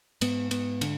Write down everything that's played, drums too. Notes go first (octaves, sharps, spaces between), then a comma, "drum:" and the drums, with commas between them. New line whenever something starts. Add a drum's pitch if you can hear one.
G#2 B3, drum: cymbal
B3, drum: cymbal
D3, drum: cymbal